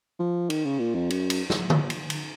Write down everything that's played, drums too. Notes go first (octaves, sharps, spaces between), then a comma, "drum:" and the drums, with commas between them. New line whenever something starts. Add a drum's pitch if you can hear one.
F3
D#3, drum: cymbal
C#3
A#2
F2
F#2, drum: cymbal
drum: cymbal
drum: snare
drum: tom D3
drum: cymbal
drum: cymbal